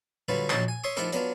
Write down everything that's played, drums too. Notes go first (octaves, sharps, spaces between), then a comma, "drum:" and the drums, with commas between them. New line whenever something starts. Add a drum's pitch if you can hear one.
D3 F#3 G3 F4 F#4 B4
A#1 F#3 F#4 D#5 A5 C6, drum: clap
G#5
C#5 E5 C6 C#6 D#6
F3 A3 D#4 E4 G4 A#4, drum: hi-hat
F#3 B3 D4 F4, drum: hi-hat